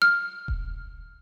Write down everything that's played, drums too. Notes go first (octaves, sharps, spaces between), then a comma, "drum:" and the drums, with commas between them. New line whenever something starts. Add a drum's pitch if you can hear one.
F6
drum: kick D#1